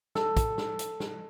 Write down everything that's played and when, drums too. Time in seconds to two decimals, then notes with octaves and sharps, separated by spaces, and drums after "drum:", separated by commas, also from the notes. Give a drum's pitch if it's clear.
0.15 A4, drum: snare
0.37 drum: kick, hi-hat
0.58 drum: snare
0.79 drum: hi-hat
1.00 drum: snare